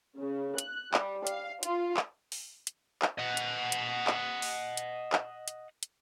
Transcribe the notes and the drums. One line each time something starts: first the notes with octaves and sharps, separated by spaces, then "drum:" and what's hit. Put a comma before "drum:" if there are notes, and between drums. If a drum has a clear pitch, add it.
C#3
F#6, drum: hi-hat
G3, drum: clap
F5, drum: hi-hat
F4, drum: hi-hat
drum: clap
drum: open hi-hat
drum: hi-hat
drum: clap
D#5 F#5
drum: hi-hat
drum: hi-hat
drum: clap
drum: open hi-hat
drum: hi-hat
drum: clap
drum: hi-hat
drum: hi-hat